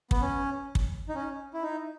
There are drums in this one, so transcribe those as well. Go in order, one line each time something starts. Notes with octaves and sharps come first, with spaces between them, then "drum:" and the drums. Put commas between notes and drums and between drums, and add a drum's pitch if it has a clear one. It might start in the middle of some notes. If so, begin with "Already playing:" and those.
B3, drum: kick
C#4
drum: kick
D#4
C#4
E4
D#4